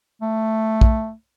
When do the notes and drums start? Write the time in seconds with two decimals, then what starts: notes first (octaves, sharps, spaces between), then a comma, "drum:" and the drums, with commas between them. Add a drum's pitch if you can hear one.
0.22 A3
0.81 drum: kick